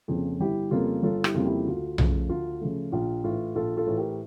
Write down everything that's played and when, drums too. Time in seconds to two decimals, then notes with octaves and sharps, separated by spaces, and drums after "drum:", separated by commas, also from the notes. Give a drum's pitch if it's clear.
0.08 F2 C#3 F3 A#3
0.40 G1 E4 G4
0.71 F2 C#3 G3 A#3 F4 A4
1.03 G1 F4 A4
1.24 E4 G4, drum: rim click
1.34 F2 C#3 G3 A#3 F4
1.46 E4 G4
1.66 D2 F4
1.98 C#3 F3 A3, drum: tom B1
2.29 D2 F4
2.61 C#3 F3 A3
2.92 A#1 F4
3.24 A2 E3 F4
3.55 A#1 F4 A4
3.77 F4 A4
3.87 A2 E3
3.98 G4 A#4